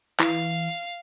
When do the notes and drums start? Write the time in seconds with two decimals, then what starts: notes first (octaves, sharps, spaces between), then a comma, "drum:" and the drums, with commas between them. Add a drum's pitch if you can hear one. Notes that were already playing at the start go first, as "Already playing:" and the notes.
0.20 E3 F5, drum: clap